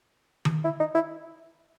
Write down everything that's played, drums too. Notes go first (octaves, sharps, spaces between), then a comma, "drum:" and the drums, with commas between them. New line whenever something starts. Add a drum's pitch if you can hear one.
drum: tom D#3
E4
D#4
E4